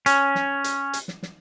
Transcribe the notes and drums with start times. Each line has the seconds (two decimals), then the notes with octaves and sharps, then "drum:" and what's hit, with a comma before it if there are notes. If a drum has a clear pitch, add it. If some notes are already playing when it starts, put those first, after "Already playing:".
0.06 C#4, drum: hi-hat
0.35 drum: snare
0.64 drum: hi-hat
0.93 drum: hi-hat
1.08 drum: snare
1.23 drum: snare